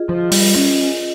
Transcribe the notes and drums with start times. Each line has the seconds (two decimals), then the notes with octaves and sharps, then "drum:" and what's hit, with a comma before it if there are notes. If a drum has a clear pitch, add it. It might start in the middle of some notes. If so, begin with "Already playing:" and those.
Already playing: F4 G#4 D#5
0.09 F3
0.20 F4
0.32 G3, drum: open hi-hat
0.56 C#4 D#5